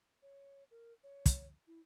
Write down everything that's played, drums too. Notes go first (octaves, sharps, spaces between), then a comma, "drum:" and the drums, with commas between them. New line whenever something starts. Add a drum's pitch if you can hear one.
C#5
A#4
C#5
drum: kick, hi-hat
E4